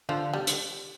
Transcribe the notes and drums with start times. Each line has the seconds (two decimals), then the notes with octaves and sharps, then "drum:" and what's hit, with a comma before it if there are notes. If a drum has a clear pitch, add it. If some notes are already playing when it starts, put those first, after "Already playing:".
0.09 D3 F3
0.34 G3
0.47 drum: hi-hat